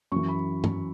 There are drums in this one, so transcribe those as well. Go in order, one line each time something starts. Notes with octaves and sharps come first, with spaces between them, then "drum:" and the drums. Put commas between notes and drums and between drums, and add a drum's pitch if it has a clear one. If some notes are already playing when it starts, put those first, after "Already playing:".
F#2 E3 C#6
B5
drum: tom